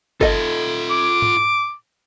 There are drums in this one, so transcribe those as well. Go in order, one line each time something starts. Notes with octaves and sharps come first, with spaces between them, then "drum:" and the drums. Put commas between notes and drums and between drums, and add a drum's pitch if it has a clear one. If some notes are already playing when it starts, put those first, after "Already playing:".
F4 A4 D#5 E5, drum: kick G1
D6
drum: tom G#2